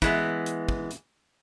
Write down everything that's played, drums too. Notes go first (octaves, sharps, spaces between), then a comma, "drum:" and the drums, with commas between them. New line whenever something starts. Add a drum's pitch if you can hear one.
E3 G#3 B3, drum: kick, hi-hat
drum: hi-hat
drum: kick
drum: hi-hat